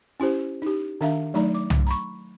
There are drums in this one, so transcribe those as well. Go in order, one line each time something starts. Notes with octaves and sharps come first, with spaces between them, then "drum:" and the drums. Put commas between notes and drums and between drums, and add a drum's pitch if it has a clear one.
C#4 E4 G4 C5
D#4 G4
D#3 D4 E5 F5 A#5
F#3 A3 D#4 D5 A#5
D6
drum: tom
A#5 B5 C#6